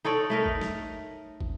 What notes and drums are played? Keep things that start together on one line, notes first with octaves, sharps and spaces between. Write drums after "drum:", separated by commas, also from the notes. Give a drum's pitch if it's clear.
D#4 A4 C#5 D5
A3 D#4 A#4
drum: kick
drum: snare
drum: kick